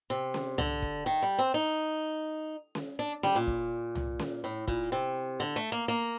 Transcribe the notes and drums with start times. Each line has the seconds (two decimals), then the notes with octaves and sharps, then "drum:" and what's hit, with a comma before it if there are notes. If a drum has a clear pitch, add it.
0.10 C3
0.34 drum: snare C#4
0.58 D3, drum: tom C2
0.82 drum: kick
1.06 D#3
1.22 G3
1.38 C4
1.54 D#4
2.75 drum: snare C#4
2.99 D4
3.23 G3, drum: snare C#4
3.35 A#2
3.47 drum: kick
3.95 drum: tom C2
4.19 drum: snare C#4
4.44 A2
4.68 A#2, drum: kick
4.92 C3
5.40 D3
5.56 A3
5.72 A#3
5.88 A#3